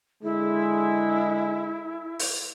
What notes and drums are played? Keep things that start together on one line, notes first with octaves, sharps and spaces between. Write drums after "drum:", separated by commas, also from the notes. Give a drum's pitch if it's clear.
D3 G#3 E4
drum: open hi-hat